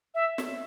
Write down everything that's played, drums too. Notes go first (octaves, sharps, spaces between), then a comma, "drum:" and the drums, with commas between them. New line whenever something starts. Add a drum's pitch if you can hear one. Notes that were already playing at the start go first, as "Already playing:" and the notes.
E5
drum: snare